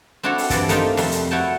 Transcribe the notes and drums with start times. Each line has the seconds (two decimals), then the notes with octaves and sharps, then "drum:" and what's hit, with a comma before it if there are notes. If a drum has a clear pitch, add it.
0.23 C4 D4 E4 F#4 A4 C#5
0.38 drum: open hi-hat
0.50 G2 E3 F3 A4 D5, drum: kick, hi-hat
0.69 A3 A#3 D#4 F4 G4, drum: hi-hat
0.97 F2 C3 G3 E5, drum: open hi-hat
1.11 drum: hi-hat
1.31 E4 F#4 C#5 G5 A5